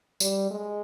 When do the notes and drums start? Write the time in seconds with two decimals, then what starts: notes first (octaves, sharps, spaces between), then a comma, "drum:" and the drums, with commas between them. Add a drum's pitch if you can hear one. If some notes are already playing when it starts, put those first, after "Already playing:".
0.20 G3, drum: tambourine
0.50 G#3